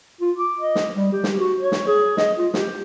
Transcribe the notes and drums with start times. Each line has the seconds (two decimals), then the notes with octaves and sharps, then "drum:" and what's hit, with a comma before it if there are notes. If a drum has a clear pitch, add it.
0.21 F4
0.38 D6
0.59 D#5
0.75 drum: snare
0.95 G3
1.12 G4
1.24 drum: snare
1.38 F#4
1.61 C#5
1.72 drum: snare
1.87 G#4
2.17 D#5, drum: snare
2.38 F4
2.54 G4, drum: snare